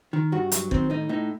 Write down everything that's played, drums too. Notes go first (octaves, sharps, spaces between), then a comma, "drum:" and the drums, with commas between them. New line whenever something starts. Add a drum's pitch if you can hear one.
D#3
G2 F#4
F#3, drum: hi-hat
D#3 C4, drum: kick G1
A2 D#4
A2 D#4